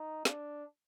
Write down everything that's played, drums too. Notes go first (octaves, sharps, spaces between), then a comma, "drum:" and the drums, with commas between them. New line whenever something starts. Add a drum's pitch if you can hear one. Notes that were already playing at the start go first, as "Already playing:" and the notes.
Already playing: D#4
D4, drum: snare